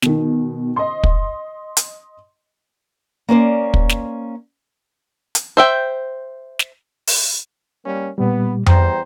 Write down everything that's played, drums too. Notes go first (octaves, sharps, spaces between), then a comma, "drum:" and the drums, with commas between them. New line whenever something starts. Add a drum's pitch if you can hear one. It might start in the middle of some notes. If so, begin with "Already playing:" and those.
B2 D#3, drum: snare
D#5 C6
drum: kick
drum: hi-hat
A#3 C#4 C5 D5
drum: kick
drum: snare
drum: hi-hat
C5 E5 G5
drum: snare
drum: open hi-hat
G3 A#3 C#4
A#2 G3 B3
E2 G3 C5 G5 A#5, drum: tom F2